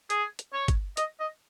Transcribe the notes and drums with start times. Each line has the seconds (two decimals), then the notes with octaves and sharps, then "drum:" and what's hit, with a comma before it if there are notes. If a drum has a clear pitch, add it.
0.10 G#4, drum: hi-hat
0.39 drum: hi-hat
0.53 C#5
0.68 drum: kick, hi-hat
0.97 D#5, drum: hi-hat
1.20 D#5